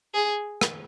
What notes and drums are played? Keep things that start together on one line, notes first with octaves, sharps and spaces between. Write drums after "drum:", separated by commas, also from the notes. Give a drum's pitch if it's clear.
G#4
drum: rim click